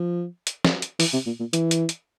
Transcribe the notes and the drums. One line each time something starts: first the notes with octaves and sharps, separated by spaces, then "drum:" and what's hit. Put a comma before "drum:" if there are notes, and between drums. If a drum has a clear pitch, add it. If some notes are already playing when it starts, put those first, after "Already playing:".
Already playing: F3
drum: hi-hat
drum: snare
drum: hi-hat
E3, drum: open hi-hat
C3
A#2
A#2
E3, drum: hi-hat
drum: hi-hat
drum: hi-hat